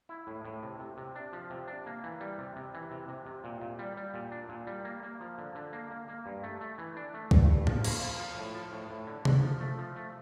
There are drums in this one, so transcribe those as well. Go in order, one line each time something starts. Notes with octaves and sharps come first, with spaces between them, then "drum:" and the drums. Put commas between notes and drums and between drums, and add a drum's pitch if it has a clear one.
E4
A2
A2
C3
C3
C3
D4
F3
C3
D4
A#3
E3
G3
C3
C3
E3
C3
C3
C3
A#2
A#2
G3
G3
A#2
D4
A#2
G3
A#3
A#3
F3
D3
D3
A#3
A#3
A#3
G2
A3
A3
E3
D4
A3
G2, drum: kick
G2
F3, drum: tom A2
A#3, drum: cymbal
F3
F3
A2
F3
A2
A2
D3
D3, drum: tom C3
F3
A3
F3
A3